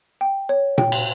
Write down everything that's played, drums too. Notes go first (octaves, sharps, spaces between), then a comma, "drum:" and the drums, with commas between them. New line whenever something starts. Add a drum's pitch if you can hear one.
G5
C#5
G5, drum: tom A#2
drum: cymbal